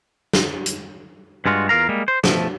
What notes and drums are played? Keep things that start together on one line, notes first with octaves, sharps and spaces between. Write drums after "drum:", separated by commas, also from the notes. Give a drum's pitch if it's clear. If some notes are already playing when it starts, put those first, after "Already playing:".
drum: snare
drum: hi-hat
G2 G#3 F4 F#4
E2 F4 A#4 F5 A#5
G3 G#3 A#3
C5
B2 F3 A3, drum: snare